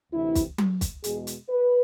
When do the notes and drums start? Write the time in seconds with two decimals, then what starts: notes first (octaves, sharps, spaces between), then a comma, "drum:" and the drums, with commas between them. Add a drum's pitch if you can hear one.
0.12 D2 C3 E3 E4
0.35 drum: kick, hi-hat
0.58 drum: tom F#3
0.81 drum: kick, hi-hat
1.04 E2 B2 G#3 G#4, drum: hi-hat
1.27 drum: hi-hat
1.49 B4